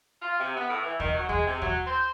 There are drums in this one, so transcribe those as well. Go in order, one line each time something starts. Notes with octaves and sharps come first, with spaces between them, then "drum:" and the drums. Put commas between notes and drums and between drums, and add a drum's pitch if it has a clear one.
F4
C3
B3
A2
E3
D#3, drum: kick
F#3
G#3, drum: kick
C3
F#3, drum: kick
C5